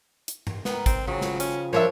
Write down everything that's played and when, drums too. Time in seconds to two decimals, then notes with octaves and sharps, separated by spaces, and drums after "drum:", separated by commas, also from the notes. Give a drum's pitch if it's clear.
0.28 drum: hi-hat
0.47 drum: tom G2
0.65 B3 A#4 G5, drum: snare
0.86 C4, drum: kick G#1, hi-hat
1.07 C#3 F3 F#3 G#4 G5
1.21 drum: snare
1.40 C#4 F5, drum: hi-hat
1.73 F3 D4 A#4 C#5 E5